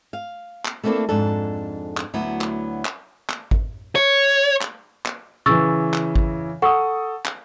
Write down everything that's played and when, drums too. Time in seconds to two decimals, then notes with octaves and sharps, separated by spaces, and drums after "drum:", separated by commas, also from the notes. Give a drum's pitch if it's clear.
0.13 F5
0.65 drum: clap
0.83 A3 A#3 C4 D4 E4 A4
1.09 F2 G#2 D4 A4
1.97 drum: clap
2.14 D2 F#3 B3 E4
2.41 drum: clap
2.85 drum: clap
3.29 drum: clap
3.51 drum: kick G#1
3.95 C#5
4.61 drum: clap
5.05 drum: clap
5.46 C#3 E3 C#6 E6 A6
5.94 drum: clap
6.16 drum: kick G#1
6.62 A4 F#5 C#6 D#6
7.26 drum: clap